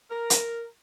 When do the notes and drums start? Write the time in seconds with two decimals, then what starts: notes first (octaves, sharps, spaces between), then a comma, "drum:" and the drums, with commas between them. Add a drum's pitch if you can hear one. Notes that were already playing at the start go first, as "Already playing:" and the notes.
0.10 A#4
0.30 drum: hi-hat